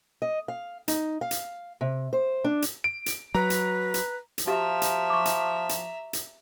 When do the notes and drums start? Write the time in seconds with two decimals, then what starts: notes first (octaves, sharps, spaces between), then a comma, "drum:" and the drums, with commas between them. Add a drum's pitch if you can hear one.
0.22 D#5
0.48 F5
0.88 D#4, drum: hi-hat
1.21 F5
1.31 drum: hi-hat
1.81 C3
2.13 C5
2.44 D4
2.62 drum: hi-hat
2.84 D7
3.06 drum: hi-hat
3.35 F#3 B4 A#5
3.50 drum: hi-hat
3.94 drum: hi-hat
4.38 drum: hi-hat
4.47 F3 F#4 G4 E5 F5 A#5
4.82 drum: hi-hat
5.10 C#6 D6
5.25 drum: hi-hat
5.69 drum: hi-hat
6.13 drum: hi-hat